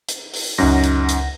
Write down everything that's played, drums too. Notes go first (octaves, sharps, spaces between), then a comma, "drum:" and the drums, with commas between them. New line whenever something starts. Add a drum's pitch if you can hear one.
drum: hi-hat
drum: open hi-hat
C#2 F#2 C#4 D#4 F#5 A#6
drum: hi-hat
drum: hi-hat